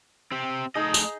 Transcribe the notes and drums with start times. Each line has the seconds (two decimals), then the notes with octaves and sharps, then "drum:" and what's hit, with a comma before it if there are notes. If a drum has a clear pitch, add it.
0.32 C4 G4
0.75 A3 D#4 G#4 D#5
0.94 drum: tambourine